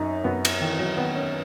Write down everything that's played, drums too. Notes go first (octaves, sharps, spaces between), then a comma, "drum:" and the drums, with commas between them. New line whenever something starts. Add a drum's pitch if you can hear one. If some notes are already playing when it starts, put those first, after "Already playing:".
Already playing: F#2 D#4
F#2 B3
drum: cymbal
D#3 E3
F#3
D#3 B3
C#4